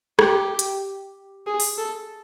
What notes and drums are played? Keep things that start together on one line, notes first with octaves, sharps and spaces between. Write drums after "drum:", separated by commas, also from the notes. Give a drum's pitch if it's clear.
G4, drum: rim click
drum: hi-hat
G#4
drum: open hi-hat
A4